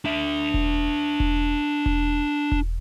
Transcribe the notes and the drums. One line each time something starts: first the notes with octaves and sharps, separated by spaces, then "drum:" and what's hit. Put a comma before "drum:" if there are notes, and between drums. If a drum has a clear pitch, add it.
D4 E5
drum: kick E1
drum: kick E1
drum: kick E1
drum: kick E1